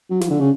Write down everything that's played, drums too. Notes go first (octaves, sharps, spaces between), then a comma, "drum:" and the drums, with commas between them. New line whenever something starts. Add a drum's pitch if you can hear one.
F#3
F3, drum: snare
D3
C#3